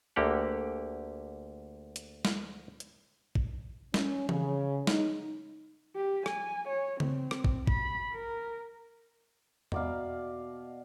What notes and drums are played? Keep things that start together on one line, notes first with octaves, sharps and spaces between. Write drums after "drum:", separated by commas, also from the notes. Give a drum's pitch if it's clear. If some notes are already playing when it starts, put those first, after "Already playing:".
D2 D3 A#3 G4 F#5
drum: hi-hat
drum: snare
drum: hi-hat
drum: kick
C#4, drum: snare
C#3, drum: tom E3
D#4, drum: snare
G4
G#5, drum: rim click
C#5
C4, drum: tom C#3
drum: rim click
drum: kick
B5, drum: kick
A#4
B2 D5 F5, drum: tom E2